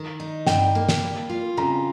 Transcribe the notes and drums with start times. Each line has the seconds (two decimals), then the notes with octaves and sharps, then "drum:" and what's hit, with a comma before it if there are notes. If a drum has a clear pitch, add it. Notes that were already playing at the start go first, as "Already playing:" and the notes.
Already playing: D#3
0.20 D#4
0.47 G2 G5, drum: snare
0.75 A#3
0.89 drum: snare
1.02 G3
1.30 F4
1.57 C#3 A#5